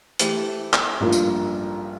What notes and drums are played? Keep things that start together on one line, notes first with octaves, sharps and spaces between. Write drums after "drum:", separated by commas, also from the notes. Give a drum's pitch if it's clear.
E3 A3 E4 G4 C5, drum: hi-hat
drum: clap
A1 G2 F3 A#3 F4
drum: tambourine